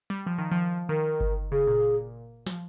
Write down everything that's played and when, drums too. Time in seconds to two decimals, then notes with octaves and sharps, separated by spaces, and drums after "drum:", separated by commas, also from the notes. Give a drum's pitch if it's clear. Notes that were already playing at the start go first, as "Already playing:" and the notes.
0.10 G3
0.27 F3
0.38 D#3
0.52 F3
0.89 D#3 A#4
1.20 drum: kick G1
1.52 C#3 G#4
1.67 A#2
2.46 F3, drum: snare